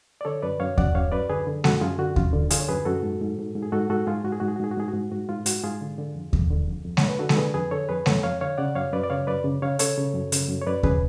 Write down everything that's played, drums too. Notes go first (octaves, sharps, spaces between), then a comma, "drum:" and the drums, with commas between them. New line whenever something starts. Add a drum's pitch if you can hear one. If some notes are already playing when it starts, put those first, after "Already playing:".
D5
D3 A4 C#5
F#2 B4 D5
F#2 C#5 F5
F#2 D5 F#5, drum: kick D#2
F#2 C#5 F5
F#2 B4 D5
D3 G#4 B4
D3
F#2 F#4 A4, drum: snare G#3
F#2 F4 G#4
D3 F#4
F#2 F4, drum: kick D#2
D3
D3 F4 G#4, drum: hi-hat
C#5
F#2 G#4 B4
F#2 F#4 A4
G#2
G#2
G#2
G#2
G#4
G#2 F#4 A4
G#2 F#4 A4
G#2 F4 G#4
G#2 F#4
G#4
G#2 F#4
G#4
F#4
G#2 G#4
F#4
G#2 G#4
F#4
G#2
G#2 F#4
G#2 F4
G#2 F#4, drum: hi-hat
G#2 F4 G#4
D3
D3
F2
F2, drum: kick D#2
D3
F2
F2
C#5, drum: snare G#3
D3
B4
D3 F#4 A4
A4, drum: snare G#3
D3 G#4 B4
F2 G#4 B4
D3 A4 C#5
F2 G#4 B4
F2 A4 C#5, drum: snare G#3
F2 C#5 F5
D3 C#5 F5
C#3 D5 F#5
F#2 C#5 F5
F#2 B4 D5
D5
C#3 C#5 F5
F#2 B4 D5
C#3
C#3 C#5 F5
C#3 A4 C#5, drum: hi-hat
C#3
F#2
C#3, drum: hi-hat
F#2
C#5
F#2 B4 D5
C#3 G#4 B4, drum: kick D#2